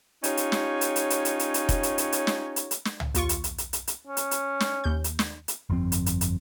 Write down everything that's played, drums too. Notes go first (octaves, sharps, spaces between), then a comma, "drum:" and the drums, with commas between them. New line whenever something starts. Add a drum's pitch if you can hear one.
C#4 D#4 F4 G4 C#5, drum: hi-hat
drum: hi-hat
drum: snare
drum: hi-hat
drum: hi-hat
drum: hi-hat
drum: hi-hat
drum: hi-hat
drum: hi-hat
drum: kick F1, hi-hat
drum: hi-hat
drum: hi-hat
drum: hi-hat
drum: snare
drum: hi-hat
drum: hi-hat
drum: snare
drum: tom C2
D#2 F4 C#6, drum: hi-hat
drum: hi-hat
drum: hi-hat
drum: hi-hat
drum: hi-hat
drum: hi-hat
C#4
drum: hi-hat
drum: hi-hat
drum: snare
D#2 G6
drum: hi-hat
drum: snare
drum: hi-hat
G1 F2 F3 C4
drum: hi-hat
drum: hi-hat
drum: hi-hat